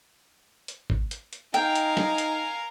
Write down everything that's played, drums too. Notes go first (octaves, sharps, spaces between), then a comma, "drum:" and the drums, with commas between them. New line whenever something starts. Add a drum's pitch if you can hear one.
drum: hi-hat
drum: kick G#1
drum: hi-hat
drum: hi-hat
D#4 A#4 F5 G5 G#5, drum: hi-hat
drum: hi-hat
drum: snare
drum: hi-hat